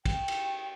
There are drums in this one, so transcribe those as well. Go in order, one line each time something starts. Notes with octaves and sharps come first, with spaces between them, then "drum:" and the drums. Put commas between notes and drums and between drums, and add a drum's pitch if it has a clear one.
G5, drum: kick, cymbal
drum: cymbal